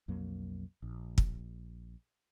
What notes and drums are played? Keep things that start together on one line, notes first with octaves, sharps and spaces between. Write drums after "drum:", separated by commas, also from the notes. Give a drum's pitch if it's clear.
B1 F2 F#3 A#3
A#1
drum: kick